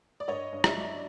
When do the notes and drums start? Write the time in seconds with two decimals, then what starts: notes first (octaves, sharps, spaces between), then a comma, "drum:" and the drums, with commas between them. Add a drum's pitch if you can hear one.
0.20 D5
0.28 G2 C#5 D#5
0.52 G2
0.64 D5 E5, drum: rim click
0.77 F#3